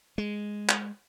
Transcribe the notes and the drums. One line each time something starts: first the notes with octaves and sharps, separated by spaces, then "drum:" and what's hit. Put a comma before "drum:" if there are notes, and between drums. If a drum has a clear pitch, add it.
G#3
drum: clap